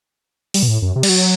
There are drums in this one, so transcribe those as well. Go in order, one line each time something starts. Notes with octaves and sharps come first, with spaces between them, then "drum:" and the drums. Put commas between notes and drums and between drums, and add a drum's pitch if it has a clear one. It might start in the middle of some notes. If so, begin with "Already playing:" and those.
G3, drum: open hi-hat
B2
A2
F#2
C3
G3, drum: cymbal
F#3